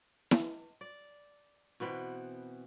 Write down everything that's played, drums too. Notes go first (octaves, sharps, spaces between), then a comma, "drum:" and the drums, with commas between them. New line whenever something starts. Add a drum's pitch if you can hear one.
drum: snare E4
D5
B2 E3 B3 C4